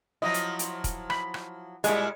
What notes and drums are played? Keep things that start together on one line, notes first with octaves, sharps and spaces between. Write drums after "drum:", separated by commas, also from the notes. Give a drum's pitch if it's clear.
F3 F#3 E4 D#5
drum: hi-hat
drum: hi-hat
drum: kick, hi-hat
B5, drum: rim click
drum: rim click
A#2 G3 G#3 E4, drum: hi-hat